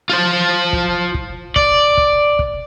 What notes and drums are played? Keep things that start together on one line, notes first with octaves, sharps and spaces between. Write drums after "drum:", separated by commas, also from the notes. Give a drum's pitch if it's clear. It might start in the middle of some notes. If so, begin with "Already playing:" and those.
F4 C5
drum: kick
drum: kick
D5, drum: kick
drum: kick
drum: kick